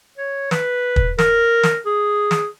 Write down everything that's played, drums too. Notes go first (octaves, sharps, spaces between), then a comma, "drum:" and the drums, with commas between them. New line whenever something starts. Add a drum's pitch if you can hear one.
C#5
B4, drum: snare
drum: kick
A#4, drum: snare
drum: snare
G#4
drum: snare